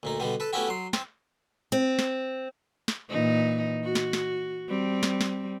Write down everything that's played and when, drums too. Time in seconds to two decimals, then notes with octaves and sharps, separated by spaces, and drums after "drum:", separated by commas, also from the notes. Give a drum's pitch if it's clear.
0.03 D2 A#2 D#4
0.20 B2 D3 G3 B3
0.40 A4 B4
0.53 A3 B3 C#4 E4 F#4 G4
0.68 F#3 C6
0.93 C4, drum: snare
1.72 C4
1.99 drum: snare
2.88 drum: snare
3.09 A#2 E3 D#4
3.84 F#4
3.95 drum: snare
4.13 drum: snare
4.69 G3 C4
5.03 drum: snare
5.21 drum: snare